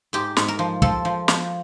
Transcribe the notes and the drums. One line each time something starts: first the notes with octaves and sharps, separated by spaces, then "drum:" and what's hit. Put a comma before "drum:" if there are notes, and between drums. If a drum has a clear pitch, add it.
G#2 G4
G#2, drum: snare
A#4
F3
F3 A4, drum: kick
F3
F3, drum: snare